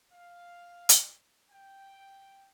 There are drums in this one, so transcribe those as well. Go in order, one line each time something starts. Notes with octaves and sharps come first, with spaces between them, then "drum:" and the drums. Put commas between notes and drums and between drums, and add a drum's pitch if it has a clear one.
F5
drum: hi-hat
G5